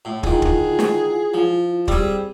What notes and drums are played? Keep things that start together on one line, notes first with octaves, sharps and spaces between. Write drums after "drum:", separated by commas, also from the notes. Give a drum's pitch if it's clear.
A2
D3 D#3 E4 F4 G#4, drum: kick
drum: kick
drum: snare
F3
G3 C4 G#4, drum: kick